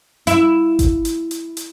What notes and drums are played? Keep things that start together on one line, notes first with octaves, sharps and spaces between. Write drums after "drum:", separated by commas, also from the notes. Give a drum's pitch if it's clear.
E4, drum: hi-hat
drum: kick G1, hi-hat
drum: hi-hat
drum: hi-hat
drum: hi-hat